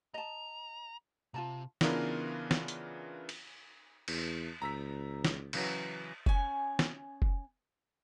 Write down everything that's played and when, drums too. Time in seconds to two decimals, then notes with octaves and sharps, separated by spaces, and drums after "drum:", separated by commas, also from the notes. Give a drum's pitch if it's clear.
0.14 D#5 A5 A#5
1.34 C3 F4 A5 A#5
1.81 C#3 E3 B3 D4 F4 A#4, drum: snare
2.51 drum: snare
2.68 drum: hi-hat
3.29 drum: cymbal
4.08 E2, drum: cymbal
4.62 C#2 A#5 E6 B6
5.25 drum: snare
5.53 C#3 E3 F#3, drum: cymbal
6.26 C#4 G#5, drum: kick F1
6.79 drum: snare
7.22 drum: kick F1